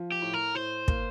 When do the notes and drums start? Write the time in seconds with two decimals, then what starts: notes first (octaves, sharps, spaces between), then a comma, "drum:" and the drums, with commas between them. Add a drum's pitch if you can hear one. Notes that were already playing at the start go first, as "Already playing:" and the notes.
Already playing: F3
0.12 G4
0.22 A2
0.34 A#4
0.54 A2 C5
0.88 A#3, drum: kick